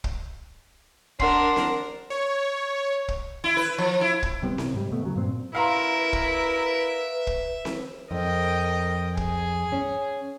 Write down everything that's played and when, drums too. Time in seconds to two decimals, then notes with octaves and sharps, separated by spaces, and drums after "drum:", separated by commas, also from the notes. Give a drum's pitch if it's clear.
0.04 drum: kick
1.20 D4 A#4 F#5 C6 C7, drum: kick
1.56 drum: snare C4
2.10 C#5
3.08 drum: kick
3.44 E4
3.57 B4
3.78 F3
4.01 E4
4.23 drum: kick
4.42 C3 G3 B3 C4
4.58 C3, drum: snare C4
4.74 G#2 G3
4.91 D#2 B2 A3 B3
5.03 C#3 F#3
5.16 G2 A#2 C4
5.55 E4 A#4 B4 E5 F5 A#5 C6
6.13 drum: kick
7.27 drum: kick
7.65 drum: snare C4
8.11 F2 A#4 D#5 G5
9.17 G#4, drum: kick
9.72 C#4